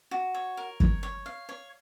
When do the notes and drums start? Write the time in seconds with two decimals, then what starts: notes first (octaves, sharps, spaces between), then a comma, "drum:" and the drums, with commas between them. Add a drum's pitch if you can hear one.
0.11 F#4
0.35 C#5
0.57 A#4
0.80 C#5, drum: kick
1.03 C#5
1.26 F5
1.49 C#5